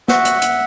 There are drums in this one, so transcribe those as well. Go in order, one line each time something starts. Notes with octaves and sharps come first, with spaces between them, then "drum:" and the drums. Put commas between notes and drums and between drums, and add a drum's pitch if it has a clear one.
F#4 E5 F#5, drum: snare
drum: hi-hat
drum: hi-hat